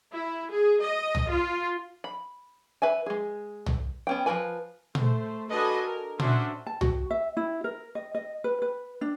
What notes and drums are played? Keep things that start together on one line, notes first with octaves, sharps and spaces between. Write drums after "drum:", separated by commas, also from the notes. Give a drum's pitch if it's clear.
E4
G#4
D#5
drum: tom C2
F4
B5
B4 E5 G#5
G#3 G#4
drum: tom C2
B3 C#4 G5
F3 F#3 A#4 B4 G#5
A3 C5, drum: tom A#2
D4 F#4 A4 B4 D#5 G#5
A#4
C#4 D4 F#4 C5 E5, drum: tom A#2
A5
F#4, drum: tom C2
E5
E4
A#4
D#5
D#5
B4
B4
D4